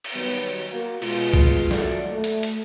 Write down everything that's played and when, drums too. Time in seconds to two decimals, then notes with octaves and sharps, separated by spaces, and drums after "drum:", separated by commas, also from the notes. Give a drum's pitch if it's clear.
0.04 drum: cymbal
0.14 D#3 F#3 G3 B3
0.71 A#3 F#4
1.02 B2 G#3 F4, drum: cymbal
1.34 drum: kick
1.71 D#3 F#3 A3 F#4 A4 D5, drum: snare
2.11 A3
2.24 drum: hi-hat
2.43 drum: hi-hat